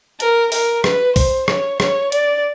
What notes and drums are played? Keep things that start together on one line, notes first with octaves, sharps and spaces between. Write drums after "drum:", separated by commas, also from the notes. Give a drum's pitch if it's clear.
A#4, drum: hi-hat
A#4, drum: open hi-hat
B4, drum: rim click
C5, drum: kick, open hi-hat
C#5, drum: rim click
C#5, drum: rim click
D5, drum: hi-hat